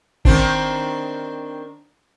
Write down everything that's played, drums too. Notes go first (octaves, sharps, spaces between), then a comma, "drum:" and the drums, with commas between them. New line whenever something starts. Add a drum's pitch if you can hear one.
D#3 C4 D4, drum: kick G#1